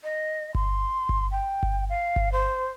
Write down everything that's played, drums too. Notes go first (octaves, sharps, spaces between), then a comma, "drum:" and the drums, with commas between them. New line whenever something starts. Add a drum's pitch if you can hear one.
D#5
C6, drum: kick G1
drum: kick G1
G5
drum: kick G1
F5
drum: kick G1
C5